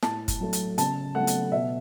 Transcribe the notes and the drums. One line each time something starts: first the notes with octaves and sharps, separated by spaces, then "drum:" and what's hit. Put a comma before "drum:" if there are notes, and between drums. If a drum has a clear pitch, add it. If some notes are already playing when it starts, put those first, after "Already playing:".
A2 A5, drum: snare
drum: kick, hi-hat
F#3 A3
drum: hi-hat
C#3 A5, drum: hi-hat
F#3 A3 F#5
drum: hi-hat
B2 E5